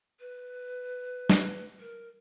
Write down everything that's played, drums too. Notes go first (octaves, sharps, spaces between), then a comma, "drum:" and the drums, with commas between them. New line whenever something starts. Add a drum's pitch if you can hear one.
B4
drum: snare
A#4